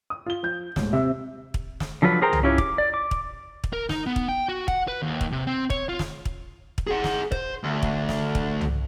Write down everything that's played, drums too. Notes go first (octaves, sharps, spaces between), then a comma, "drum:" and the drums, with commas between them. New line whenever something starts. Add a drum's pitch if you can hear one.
D#6
F4 G7
F3 G6
D#1 D2 G#2, drum: snare
C3 E5 E6
drum: kick
drum: snare
D3 F3 F#3 F4 B4
G#4 A#4 C5 G5 A#5
drum: tom
C#4 E4 F4 G4 C#5
D6, drum: kick
D5
D6
drum: kick
drum: kick
A#4
D#4, drum: snare
B3
drum: kick
G5
F#4
F#5, drum: kick
B4
D#2
drum: kick
C3
C4
C#5, drum: kick
F4
drum: snare
drum: kick
drum: kick
G#4 F#5
drum: snare
C5, drum: kick
D2
drum: kick
drum: snare
drum: kick
drum: tom